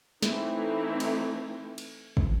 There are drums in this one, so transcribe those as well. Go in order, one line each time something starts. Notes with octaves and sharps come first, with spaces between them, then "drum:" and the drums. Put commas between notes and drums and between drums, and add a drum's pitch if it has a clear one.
E3 A3 C4 D#4 E4, drum: snare
drum: cymbal
drum: cymbal
drum: kick